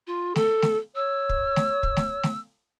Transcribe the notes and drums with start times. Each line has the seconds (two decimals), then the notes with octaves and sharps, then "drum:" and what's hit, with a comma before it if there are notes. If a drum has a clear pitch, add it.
0.07 F4
0.36 A4, drum: snare A3
0.62 drum: snare A3
0.95 C#5 E6
1.29 drum: kick
1.56 drum: snare A3
1.83 drum: kick
1.97 drum: snare A3
2.23 drum: snare A3